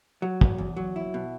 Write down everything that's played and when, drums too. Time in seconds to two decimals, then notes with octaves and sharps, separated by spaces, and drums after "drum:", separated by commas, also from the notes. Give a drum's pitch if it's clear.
0.22 F#3
0.41 E2, drum: kick
0.58 E2
0.76 F#3
0.96 E4
1.14 B2